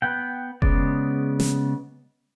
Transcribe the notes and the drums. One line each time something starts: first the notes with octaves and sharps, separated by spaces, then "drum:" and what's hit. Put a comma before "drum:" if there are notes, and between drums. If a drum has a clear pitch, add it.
B3 F#5 G5
C#3 G#3 B3 D5, drum: kick F1
drum: snare